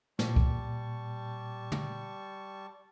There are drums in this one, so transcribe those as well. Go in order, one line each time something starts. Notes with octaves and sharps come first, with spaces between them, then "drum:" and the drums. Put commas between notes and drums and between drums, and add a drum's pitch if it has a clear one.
A#2 G3 A5 C#6, drum: snare
drum: kick
drum: tom